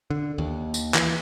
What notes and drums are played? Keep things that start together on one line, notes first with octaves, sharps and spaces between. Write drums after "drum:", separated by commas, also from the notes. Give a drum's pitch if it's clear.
D3
D#2
drum: tambourine
E3, drum: clap